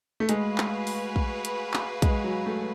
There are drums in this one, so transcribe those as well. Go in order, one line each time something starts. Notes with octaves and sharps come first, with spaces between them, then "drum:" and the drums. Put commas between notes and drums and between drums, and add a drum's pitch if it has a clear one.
A3
G#3 F#4 B4 F5 G#5, drum: hi-hat
drum: clap
drum: open hi-hat
drum: kick
drum: hi-hat
drum: clap
G#3, drum: kick, hi-hat
F#3
A3